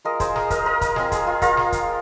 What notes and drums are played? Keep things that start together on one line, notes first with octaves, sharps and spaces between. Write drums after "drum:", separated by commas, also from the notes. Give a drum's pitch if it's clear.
G#3 F4 A#4 D#5
G#4 C5, drum: kick, hi-hat
A#4 D#5, drum: snare
A#4 D#5, drum: kick, hi-hat
A#4 D#5
A#4 D#5, drum: kick, hi-hat
G#3 C4 F4 G#4, drum: snare
G#4, drum: kick, hi-hat
F4
F4 A#4, drum: kick, hi-hat
drum: snare
drum: kick, hi-hat